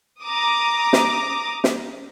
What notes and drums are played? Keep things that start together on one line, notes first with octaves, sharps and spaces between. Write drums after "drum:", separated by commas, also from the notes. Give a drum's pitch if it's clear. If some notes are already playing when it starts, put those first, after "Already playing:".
A#5 D6 D#6
drum: snare
drum: snare